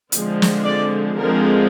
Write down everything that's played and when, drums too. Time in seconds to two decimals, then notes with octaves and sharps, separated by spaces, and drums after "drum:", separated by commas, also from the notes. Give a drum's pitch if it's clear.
0.12 D3 F3 G#3 C4, drum: hi-hat
0.42 drum: snare
0.64 D5
1.17 D3 F3 G#3 C4 A#4